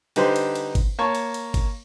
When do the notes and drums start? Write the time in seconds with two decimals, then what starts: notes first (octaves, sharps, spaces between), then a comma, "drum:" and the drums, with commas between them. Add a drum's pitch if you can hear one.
0.16 D3 G3 D#4 G4 B4 C5, drum: cymbal
0.36 drum: cymbal
0.55 drum: cymbal
0.75 drum: kick G#1, cymbal
0.99 A#3 C#5 A5 C#6
1.15 drum: cymbal
1.34 drum: cymbal
1.54 drum: kick G#1, cymbal